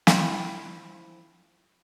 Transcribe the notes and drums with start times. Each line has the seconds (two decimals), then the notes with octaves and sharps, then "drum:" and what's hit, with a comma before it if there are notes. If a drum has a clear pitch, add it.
0.07 F3 E4 G5, drum: snare